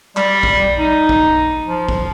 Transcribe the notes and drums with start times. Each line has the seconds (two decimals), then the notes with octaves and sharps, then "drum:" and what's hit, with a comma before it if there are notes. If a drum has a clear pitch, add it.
0.17 G3, drum: clap
0.43 drum: kick
0.78 D#4
1.09 drum: kick
1.68 F3
1.89 drum: kick